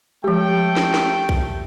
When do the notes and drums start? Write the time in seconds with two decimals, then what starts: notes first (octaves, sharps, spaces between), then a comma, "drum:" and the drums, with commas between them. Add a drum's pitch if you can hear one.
0.24 F3 G#3 A3 G4 G5
0.77 drum: snare
0.94 drum: snare
1.29 drum: kick